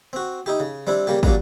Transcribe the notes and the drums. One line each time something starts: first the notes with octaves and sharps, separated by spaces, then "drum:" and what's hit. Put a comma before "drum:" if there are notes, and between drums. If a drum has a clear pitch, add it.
C4 F#4
D#4 E4 G4
C#3
G3 C4 D4 E4
C#3 G3 A#3 G4
A#2 F#3 G3 A#3 D4 A#5, drum: kick